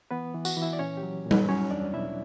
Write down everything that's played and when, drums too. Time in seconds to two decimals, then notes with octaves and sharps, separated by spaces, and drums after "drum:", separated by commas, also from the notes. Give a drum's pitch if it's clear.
0.11 E3 B3 B4
0.34 E3
0.45 F#4 F#5, drum: tambourine
0.57 E3
0.62 E4 E5
0.73 D5
0.79 A#2 C#4 C#5
0.97 G4
1.03 F#3
1.26 A#2
1.31 B3 B4, drum: tom G3
1.49 F#3 C#4 C#5
1.71 E2 D4 D5
1.93 B2 E4 E5